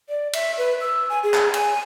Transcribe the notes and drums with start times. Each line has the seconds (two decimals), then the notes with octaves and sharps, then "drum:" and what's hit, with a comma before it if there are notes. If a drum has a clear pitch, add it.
0.09 D5
0.33 E5, drum: cymbal
0.58 B4
0.81 E6
1.10 G#5
1.24 G#4
1.34 drum: clap
1.54 G#5, drum: cymbal